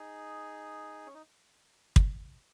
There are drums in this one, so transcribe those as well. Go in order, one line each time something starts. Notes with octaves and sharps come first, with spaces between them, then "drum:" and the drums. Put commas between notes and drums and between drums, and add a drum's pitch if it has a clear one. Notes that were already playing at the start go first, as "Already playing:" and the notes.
Already playing: D#4 G#4
C#4
D#4
drum: kick